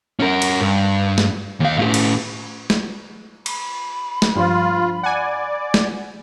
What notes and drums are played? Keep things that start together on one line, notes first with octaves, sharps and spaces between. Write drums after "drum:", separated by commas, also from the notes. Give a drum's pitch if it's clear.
C#4 A#4
drum: cymbal
G2
drum: snare
D#2 F5
A2 G4
drum: cymbal
drum: snare
B5, drum: cymbal
drum: snare
G2 F3 F4
D5 F#5 G#5
drum: snare